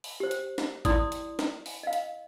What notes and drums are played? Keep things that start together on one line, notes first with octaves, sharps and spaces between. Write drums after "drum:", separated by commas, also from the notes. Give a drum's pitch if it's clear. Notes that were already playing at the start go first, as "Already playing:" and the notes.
drum: open hi-hat
G4 C5
drum: hi-hat
drum: snare
E4 D5 C6 D#6, drum: kick, hi-hat
drum: hi-hat
drum: snare
drum: open hi-hat
D#5 F5
drum: hi-hat